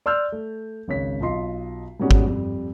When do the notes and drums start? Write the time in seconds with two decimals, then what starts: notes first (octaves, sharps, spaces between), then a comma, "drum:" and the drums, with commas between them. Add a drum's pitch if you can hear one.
0.06 D5 C6 E6 F6 G6
0.32 A3
0.88 G#1 C#2 C#5 B6
1.21 B1 F4 D#5 C6 C7
2.00 G#2 B2 G3 C#4 F#4 G#4
2.11 drum: kick
2.27 F2 G3